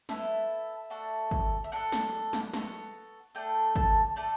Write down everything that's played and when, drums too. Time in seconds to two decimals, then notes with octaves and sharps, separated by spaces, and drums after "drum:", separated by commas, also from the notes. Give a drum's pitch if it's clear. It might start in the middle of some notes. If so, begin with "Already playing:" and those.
0.09 B3 E4 A4 E5, drum: snare
0.90 A3 D4 F#4 A4
1.31 drum: kick
1.64 E5
1.72 D4 A4 F#5
1.92 drum: snare
2.33 drum: snare
2.54 B3 F#4 A4, drum: snare
3.35 A3 D4 A4 G5
3.76 A5, drum: kick
4.16 A3 D4 A4 D5